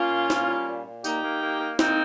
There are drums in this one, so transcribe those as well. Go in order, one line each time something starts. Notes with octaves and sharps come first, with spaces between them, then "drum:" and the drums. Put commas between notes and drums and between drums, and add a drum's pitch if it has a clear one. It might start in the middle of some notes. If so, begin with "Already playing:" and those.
Already playing: A#3 C#4 F4
A#2
A#3, drum: snare
G3
A#2
A#2
A#3 D#4 G4, drum: tambourine
A#3
A#3
A#3
A#3 C4 D#4, drum: snare